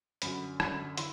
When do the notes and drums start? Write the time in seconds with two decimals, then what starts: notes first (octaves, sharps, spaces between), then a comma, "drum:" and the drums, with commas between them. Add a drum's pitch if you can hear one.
0.22 F#2 D3 F#3 B5, drum: hi-hat
0.60 F#2 D3 F#3 B5, drum: rim click
0.97 D3 E4 C6, drum: hi-hat